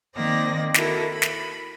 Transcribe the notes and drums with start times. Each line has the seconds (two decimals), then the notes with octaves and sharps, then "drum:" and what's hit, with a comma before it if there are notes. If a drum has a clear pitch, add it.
0.15 D#3 A#3 C4 D5 D#5 A#6
0.74 E4 F#4 A4 A#4, drum: snare
1.13 B5
1.22 drum: snare